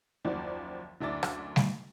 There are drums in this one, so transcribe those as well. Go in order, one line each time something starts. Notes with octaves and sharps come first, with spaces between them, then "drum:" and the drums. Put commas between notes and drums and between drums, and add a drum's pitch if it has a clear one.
F#1 D#2 F3 F#4 D5
F#1 D2 D4 E5 D6 A6
drum: rim click
drum: snare G3